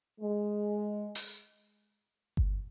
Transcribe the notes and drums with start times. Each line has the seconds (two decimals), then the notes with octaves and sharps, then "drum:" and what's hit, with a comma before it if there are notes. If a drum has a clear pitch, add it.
0.21 G#3
1.15 drum: open hi-hat
2.37 drum: kick G1